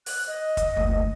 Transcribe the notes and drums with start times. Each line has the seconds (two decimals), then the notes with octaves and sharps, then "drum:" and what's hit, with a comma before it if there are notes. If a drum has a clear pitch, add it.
0.06 F#6, drum: open hi-hat
0.26 D#5
0.57 drum: kick, hi-hat
0.76 F#1 D2